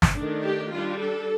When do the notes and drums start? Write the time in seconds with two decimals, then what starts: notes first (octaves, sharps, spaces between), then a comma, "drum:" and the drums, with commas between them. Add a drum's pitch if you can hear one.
0.02 drum: snare
0.15 D#3 A3 D4
0.44 G4
0.71 G3 D4 F4
0.99 A4